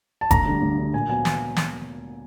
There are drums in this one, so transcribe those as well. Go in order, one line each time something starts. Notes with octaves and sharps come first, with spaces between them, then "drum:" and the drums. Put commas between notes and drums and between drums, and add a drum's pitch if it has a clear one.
A5
D2 A#5, drum: kick F1, hi-hat
D3 G3
D2
D3 G3
A#2 G#5
F#3 B3 G#5
drum: snare
drum: snare